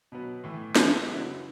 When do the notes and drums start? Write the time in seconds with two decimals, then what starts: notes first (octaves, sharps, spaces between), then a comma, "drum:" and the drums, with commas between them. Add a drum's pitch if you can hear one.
0.12 B2 F#3 B3
0.44 A2 E3 A3
0.76 F#2 E3 G#3 B3, drum: snare
1.08 C#3 F#3 B3 E4